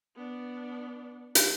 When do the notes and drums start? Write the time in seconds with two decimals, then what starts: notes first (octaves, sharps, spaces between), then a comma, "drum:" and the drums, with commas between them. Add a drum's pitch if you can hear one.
0.15 B3 D4
1.35 drum: hi-hat